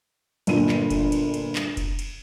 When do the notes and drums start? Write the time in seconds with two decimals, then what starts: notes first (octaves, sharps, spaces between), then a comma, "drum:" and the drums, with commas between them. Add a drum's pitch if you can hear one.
0.47 G1 A#2 D#7, drum: cymbal
0.69 drum: clap
0.90 drum: kick F1, cymbal
1.12 drum: cymbal
1.34 drum: cymbal
1.55 drum: clap
1.77 drum: kick F1, cymbal
1.99 drum: cymbal